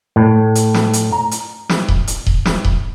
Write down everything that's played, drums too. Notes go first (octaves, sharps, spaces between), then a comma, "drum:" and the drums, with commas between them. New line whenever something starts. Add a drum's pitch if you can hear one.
A2
drum: hi-hat
drum: snare
drum: hi-hat
A#5
drum: hi-hat
drum: snare
drum: kick D#1
drum: hi-hat
drum: kick D#1
drum: snare
drum: kick D#1